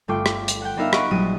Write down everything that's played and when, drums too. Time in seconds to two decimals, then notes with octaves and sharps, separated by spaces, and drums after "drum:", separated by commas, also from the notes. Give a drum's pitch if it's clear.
0.08 G1 A3 F4 G5 D6
0.26 drum: rim click
0.48 drum: hi-hat
0.62 F#5 G5
0.77 B3 D4 D#4 A#4 E5 F5
0.93 D#5 F#5 B5 C#6 D7, drum: rim click
1.11 A#1 F#3 G3 D#6 D#7